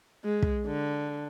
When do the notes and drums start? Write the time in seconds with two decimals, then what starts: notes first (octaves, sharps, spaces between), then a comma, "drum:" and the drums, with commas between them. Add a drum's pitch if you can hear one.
0.25 G#3
0.42 drum: kick
0.66 D3